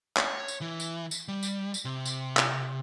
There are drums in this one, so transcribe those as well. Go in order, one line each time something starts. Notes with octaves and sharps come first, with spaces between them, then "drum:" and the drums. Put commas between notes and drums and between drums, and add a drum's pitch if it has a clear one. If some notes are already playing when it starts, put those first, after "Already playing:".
C#5, drum: clap
drum: tambourine
E3
drum: tambourine
drum: tambourine
G3
drum: tambourine
drum: tambourine
C3
drum: tambourine
drum: clap